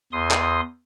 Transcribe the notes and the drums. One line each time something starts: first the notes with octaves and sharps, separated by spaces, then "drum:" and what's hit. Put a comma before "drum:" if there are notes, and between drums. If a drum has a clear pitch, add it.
E2 C6 D#6
drum: clap